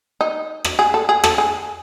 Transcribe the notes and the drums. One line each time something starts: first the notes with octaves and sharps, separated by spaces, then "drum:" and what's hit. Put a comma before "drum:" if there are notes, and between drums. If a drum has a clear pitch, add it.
D#4
drum: rim click
G#4
A4
G#4
A4, drum: rim click
G#4